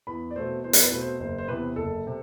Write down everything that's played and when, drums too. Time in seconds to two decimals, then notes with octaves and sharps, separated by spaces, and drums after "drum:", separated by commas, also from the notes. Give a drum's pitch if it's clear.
0.07 E2 B5
0.31 D5
0.36 B2 A3 C4 C5
0.64 E2 C5
0.73 drum: hi-hat
0.82 B4
0.92 B2 A3 C4
1.01 C5
1.20 F#1 C5
1.38 C5
1.48 E2 C3 B4
1.76 F#1 A4
2.07 C3